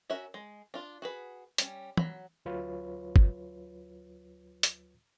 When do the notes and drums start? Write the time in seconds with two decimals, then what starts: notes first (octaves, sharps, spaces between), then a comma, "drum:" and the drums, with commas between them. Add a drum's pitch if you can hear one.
0.10 C#4 F#4 A#4 E5
0.34 G#3
0.74 D4 F4
1.02 F#4 G#4 B4
1.58 G3 C#4, drum: hi-hat
1.97 F#3 B5, drum: tom
2.45 D2 F#3 F4 B4 C#5
3.16 drum: kick G1
4.63 drum: hi-hat